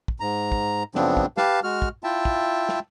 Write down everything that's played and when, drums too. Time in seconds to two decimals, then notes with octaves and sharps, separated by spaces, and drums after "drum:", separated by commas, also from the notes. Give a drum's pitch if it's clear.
0.08 drum: kick
0.20 G#2 A#5
0.52 drum: kick
0.95 F#2 C#3 F3 B3 C4 D4, drum: snare
1.17 drum: kick
1.37 G4 B4 F5 A5, drum: snare
1.64 G#3 F#4 F6
1.82 drum: kick
2.04 E4 F4 E5 G5 A5
2.25 drum: kick
2.69 drum: snare